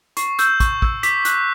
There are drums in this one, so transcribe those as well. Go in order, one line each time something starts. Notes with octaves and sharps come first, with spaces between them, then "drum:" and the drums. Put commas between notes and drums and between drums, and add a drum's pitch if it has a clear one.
C#6 C7, drum: hi-hat
E6 G6, drum: hi-hat
C#6, drum: kick, hi-hat
E6 G6, drum: kick
D6 B6, drum: hi-hat
F#6, drum: hi-hat